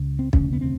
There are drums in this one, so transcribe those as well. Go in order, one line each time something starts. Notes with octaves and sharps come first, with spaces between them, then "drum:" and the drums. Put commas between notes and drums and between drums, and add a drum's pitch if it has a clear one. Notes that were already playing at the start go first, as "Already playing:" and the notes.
Already playing: C#2 C#3
C4
E1 D2 C#3 C#4, drum: kick
B3
C4